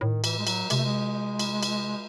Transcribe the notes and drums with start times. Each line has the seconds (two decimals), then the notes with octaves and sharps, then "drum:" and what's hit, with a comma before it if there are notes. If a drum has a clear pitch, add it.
0.01 A2 D#3
0.24 E3, drum: cymbal
0.39 G#3
0.47 F#3, drum: cymbal
0.70 C3 G#3, drum: cymbal
0.77 A3
0.85 G#3
1.39 drum: cymbal
1.63 drum: cymbal